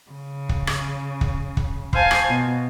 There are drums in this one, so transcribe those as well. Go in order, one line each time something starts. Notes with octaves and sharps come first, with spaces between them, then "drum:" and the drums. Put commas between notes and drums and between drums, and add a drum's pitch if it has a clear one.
C#3
drum: kick
drum: rim click
drum: kick
drum: kick
C5 F5 G#5 A5, drum: kick
drum: rim click
B2